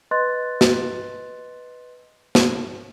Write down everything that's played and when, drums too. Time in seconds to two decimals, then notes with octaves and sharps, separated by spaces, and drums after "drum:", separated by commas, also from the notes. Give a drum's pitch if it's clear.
0.11 B4 D#5 C6 F#6 A6
0.61 drum: snare
2.35 drum: snare